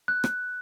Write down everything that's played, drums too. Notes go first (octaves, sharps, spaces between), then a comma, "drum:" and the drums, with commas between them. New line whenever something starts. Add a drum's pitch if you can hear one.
F#6
drum: rim click